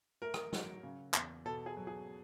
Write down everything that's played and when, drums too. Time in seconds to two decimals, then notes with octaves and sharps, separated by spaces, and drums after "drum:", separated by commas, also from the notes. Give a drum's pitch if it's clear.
0.22 A3 A#4
0.34 drum: rim click
0.53 F#3, drum: snare
0.83 C#3
1.14 E2, drum: clap
1.45 B2 A4
1.66 G#4
1.77 F#3
1.87 G#4